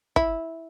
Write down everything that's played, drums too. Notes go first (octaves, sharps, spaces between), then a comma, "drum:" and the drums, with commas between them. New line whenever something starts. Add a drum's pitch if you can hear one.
E4, drum: kick